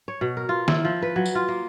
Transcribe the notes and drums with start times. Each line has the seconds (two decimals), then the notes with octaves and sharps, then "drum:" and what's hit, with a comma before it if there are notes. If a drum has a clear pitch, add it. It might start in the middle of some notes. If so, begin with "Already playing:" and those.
0.08 C#5
0.21 B2
0.37 A#4
0.49 F4
0.68 E4, drum: snare
0.85 F3
1.02 B4
1.16 F#3
1.26 drum: tambourine
1.35 F4
1.48 A#3